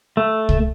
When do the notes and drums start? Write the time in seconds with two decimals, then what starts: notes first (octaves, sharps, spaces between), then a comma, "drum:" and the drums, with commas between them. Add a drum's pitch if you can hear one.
0.17 A3
0.49 drum: kick C2